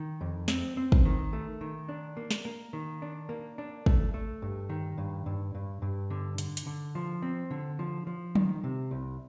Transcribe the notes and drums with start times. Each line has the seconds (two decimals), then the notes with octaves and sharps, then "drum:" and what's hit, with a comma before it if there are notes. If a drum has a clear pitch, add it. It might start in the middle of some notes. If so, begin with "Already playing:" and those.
Already playing: D#3
0.21 F2
0.48 C4, drum: snare
0.77 C4
0.92 drum: kick
1.05 D#3
1.33 A3
1.61 D#3
1.89 D4
2.17 A#3
2.31 drum: snare
2.45 A#3
2.73 D#3
3.02 D4
3.29 A#3
3.58 D4
3.86 A3, drum: kick
4.14 A3
4.42 G2
4.69 D#3
4.98 G2
5.26 G2
5.55 G2
5.82 G2
6.10 D3
6.38 D3, drum: hi-hat
6.57 drum: hi-hat
6.66 D3
6.95 F3
7.22 C4
7.51 D3
7.79 F3
8.07 F3
8.35 D#3, drum: tom F#3
8.64 C3
8.91 C2